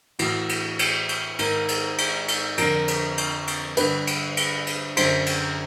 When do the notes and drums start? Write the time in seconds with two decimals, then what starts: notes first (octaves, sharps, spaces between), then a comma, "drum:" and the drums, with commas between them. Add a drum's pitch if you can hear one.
0.19 A2 E3 F#4, drum: cymbal
0.49 drum: cymbal
0.79 drum: cymbal
1.09 drum: cymbal
1.39 G#2 D#3 A#4, drum: cymbal
1.68 drum: cymbal
1.98 drum: cymbal
2.28 drum: cymbal
2.58 F2 D3 A#4, drum: cymbal
2.88 drum: cymbal
3.18 drum: cymbal
3.47 drum: cymbal
3.77 G2 D3 B4, drum: cymbal
4.07 drum: cymbal
4.37 drum: cymbal
4.67 drum: cymbal
4.97 F#2 D3 C5, drum: cymbal
5.26 drum: cymbal